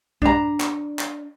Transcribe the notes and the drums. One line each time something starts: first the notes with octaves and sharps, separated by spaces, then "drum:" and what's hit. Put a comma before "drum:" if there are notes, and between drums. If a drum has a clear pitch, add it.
D4 A#5, drum: kick
drum: clap
drum: clap